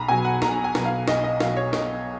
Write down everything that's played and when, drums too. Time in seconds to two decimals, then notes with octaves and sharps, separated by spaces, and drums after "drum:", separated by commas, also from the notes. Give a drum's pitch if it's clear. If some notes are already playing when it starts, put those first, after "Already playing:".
Already playing: B1 A#5 B5
0.08 B2 F#3 G#5
0.25 F#5
0.42 B1 A#5, drum: snare
0.64 G#5
0.75 B2 F#3, drum: snare
0.85 F5
1.08 B1 D#5, drum: snare
1.24 D#5
1.40 B2 F#3 F5, drum: snare
1.57 C#5
1.73 B1 D#5, drum: snare